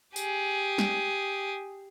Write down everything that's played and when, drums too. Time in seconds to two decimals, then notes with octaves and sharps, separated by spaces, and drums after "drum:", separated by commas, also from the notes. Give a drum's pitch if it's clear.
0.16 G4 G#4, drum: tambourine
0.78 drum: snare